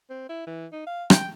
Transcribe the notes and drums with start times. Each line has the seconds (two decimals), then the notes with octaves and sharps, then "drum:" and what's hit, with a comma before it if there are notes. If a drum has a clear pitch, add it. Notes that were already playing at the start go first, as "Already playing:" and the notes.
0.10 C4
0.29 E4
0.47 E3
0.72 D#4
0.87 F5
1.10 G5, drum: rim click